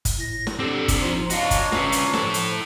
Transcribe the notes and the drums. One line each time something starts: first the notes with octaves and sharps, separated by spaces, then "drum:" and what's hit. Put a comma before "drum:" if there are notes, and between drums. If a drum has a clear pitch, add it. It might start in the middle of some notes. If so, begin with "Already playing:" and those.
drum: kick G1, hi-hat
A2 A#6
drum: snare
C4 D4 G4 A4
drum: kick G1, hi-hat
F3 D#4 F4
D4 F#4 A#4 C#5 D#5 F5, drum: hi-hat
drum: kick G1, hi-hat
C#4 F4 B4, drum: snare
drum: hi-hat
F3 E4 A4, drum: snare
drum: hi-hat